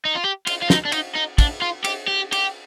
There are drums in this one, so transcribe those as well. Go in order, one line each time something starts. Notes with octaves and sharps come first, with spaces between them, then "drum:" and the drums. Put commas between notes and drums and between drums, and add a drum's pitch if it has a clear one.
D#4
F4
G4
F4, drum: cymbal
F4
D#4, drum: snare
D4
D#4, drum: cymbal
D#4
D4, drum: kick, cymbal
F4
G4, drum: cymbal
G4
G4, drum: cymbal